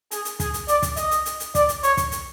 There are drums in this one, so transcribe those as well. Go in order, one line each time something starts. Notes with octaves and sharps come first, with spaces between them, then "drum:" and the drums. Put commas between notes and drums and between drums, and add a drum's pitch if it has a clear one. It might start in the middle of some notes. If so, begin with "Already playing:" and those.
G#4, drum: hi-hat
drum: hi-hat
G#4, drum: kick, hi-hat
drum: hi-hat
D5, drum: hi-hat
drum: kick, hi-hat
D#5, drum: hi-hat
drum: hi-hat
drum: hi-hat
drum: hi-hat
D5, drum: kick, hi-hat
drum: hi-hat
C#5, drum: hi-hat
drum: kick, hi-hat
drum: hi-hat